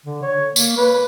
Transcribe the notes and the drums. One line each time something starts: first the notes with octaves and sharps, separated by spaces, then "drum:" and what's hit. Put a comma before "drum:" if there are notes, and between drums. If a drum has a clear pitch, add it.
D3
C#5
A#3, drum: tambourine
B4